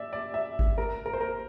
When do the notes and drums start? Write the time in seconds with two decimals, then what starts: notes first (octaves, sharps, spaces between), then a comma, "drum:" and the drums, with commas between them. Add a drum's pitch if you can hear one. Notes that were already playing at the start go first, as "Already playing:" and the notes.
Already playing: D5 E5
0.13 D5
0.34 E5
0.59 drum: kick G#1
0.78 A#4
1.06 A#4
1.13 C5
1.21 A#4